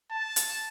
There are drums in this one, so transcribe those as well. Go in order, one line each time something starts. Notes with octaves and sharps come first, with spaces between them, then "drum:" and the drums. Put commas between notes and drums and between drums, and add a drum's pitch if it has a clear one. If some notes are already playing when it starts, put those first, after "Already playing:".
A5
drum: hi-hat